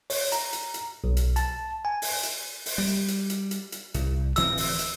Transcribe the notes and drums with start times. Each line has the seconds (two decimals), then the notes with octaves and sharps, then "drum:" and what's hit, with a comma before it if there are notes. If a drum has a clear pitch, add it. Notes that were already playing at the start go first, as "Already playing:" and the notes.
0.10 C#5, drum: open hi-hat
0.32 A#5, drum: hi-hat
0.53 drum: hi-hat
0.74 drum: hi-hat
1.04 B1
1.17 drum: hi-hat
1.36 A5, drum: hi-hat
1.85 G#5
2.02 drum: open hi-hat
2.23 drum: hi-hat
2.66 drum: open hi-hat
2.78 G3
3.08 drum: hi-hat
3.30 drum: hi-hat
3.51 drum: hi-hat
3.72 drum: hi-hat
3.94 C2, drum: hi-hat
4.36 D1 E3 C4 E6, drum: hi-hat
4.57 drum: open hi-hat
4.79 drum: hi-hat